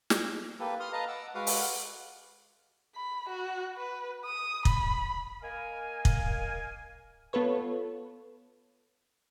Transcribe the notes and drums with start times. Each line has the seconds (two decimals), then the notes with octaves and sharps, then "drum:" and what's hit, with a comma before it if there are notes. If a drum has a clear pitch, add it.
0.10 drum: snare
0.60 A#3 G4 A4 B4
0.80 C6 D#6 F6
0.93 B4 D#5 F5 A5 A#5
1.08 F#5 D6 E6
1.35 G#3 F#4 B4 F5 F#5 D6
1.47 drum: open hi-hat
2.95 B5
3.29 F#4
3.76 B4
4.26 D#6
4.65 B5, drum: kick
5.42 A#3 A#4 D#5 F5 G#5
6.05 drum: kick
7.33 B3 F4 A4 B4 C#5